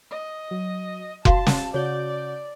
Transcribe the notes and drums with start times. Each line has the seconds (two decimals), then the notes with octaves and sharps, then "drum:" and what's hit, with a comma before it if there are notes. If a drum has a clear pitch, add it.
0.11 D#5
0.51 F#3
1.25 F#4 F5 A5 C6, drum: kick F1
1.46 drum: snare
1.74 C#3 F#4 C#5 D5 G6